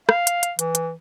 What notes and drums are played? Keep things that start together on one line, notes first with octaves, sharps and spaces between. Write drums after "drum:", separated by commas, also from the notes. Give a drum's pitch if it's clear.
F5, drum: rim click
drum: hi-hat
drum: hi-hat
E3, drum: hi-hat
drum: hi-hat